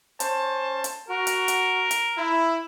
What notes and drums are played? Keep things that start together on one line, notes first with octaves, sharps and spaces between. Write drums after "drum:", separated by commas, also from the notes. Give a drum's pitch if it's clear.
C#4 C5 A5, drum: hi-hat
drum: hi-hat
F#4 A#4
drum: hi-hat
drum: hi-hat
drum: hi-hat
E4